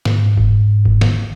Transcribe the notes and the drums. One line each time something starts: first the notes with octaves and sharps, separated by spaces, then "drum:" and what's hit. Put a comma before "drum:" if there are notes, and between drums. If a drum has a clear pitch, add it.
G#2, drum: snare
drum: kick F1
drum: kick F1
drum: snare